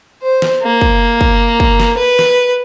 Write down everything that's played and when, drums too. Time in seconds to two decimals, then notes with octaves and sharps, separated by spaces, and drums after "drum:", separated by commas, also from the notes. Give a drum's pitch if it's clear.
0.23 C5
0.42 drum: snare
0.63 A#3
0.81 drum: kick
1.21 drum: kick
1.60 drum: kick
1.80 drum: snare
1.97 B4
2.19 drum: snare